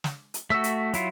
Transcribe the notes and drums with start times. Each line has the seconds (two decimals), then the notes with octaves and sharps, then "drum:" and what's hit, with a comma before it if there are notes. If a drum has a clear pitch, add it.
0.04 drum: snare
0.34 drum: hi-hat
0.50 A3 F#4 E6 B6
0.64 drum: hi-hat
0.94 F#3 E4 F4, drum: hi-hat